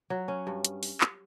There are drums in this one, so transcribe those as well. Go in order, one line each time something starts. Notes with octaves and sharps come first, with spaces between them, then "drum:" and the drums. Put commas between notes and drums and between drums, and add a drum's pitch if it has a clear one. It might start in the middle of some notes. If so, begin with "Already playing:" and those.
F#3
C#4
G2
drum: hi-hat
drum: open hi-hat
drum: clap